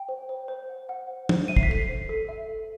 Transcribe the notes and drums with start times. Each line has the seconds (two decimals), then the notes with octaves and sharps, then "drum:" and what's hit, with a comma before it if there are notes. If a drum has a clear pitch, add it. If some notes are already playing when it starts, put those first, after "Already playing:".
Already playing: G5
0.09 C5
0.29 C5
0.48 C5
0.69 F#5
0.89 F#5
1.08 C5
1.29 C5, drum: tom
1.48 E5 D#7
1.56 C7, drum: kick
1.63 B6
1.69 A4 C7
1.89 C5
2.09 A4
2.29 E5
2.48 A4